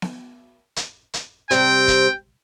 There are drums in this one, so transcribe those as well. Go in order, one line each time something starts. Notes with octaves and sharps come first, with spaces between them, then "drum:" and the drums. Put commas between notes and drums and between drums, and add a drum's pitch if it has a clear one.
drum: snare B3
drum: hi-hat
drum: hi-hat
C3 G3 C4 G5, drum: hi-hat
drum: kick, hi-hat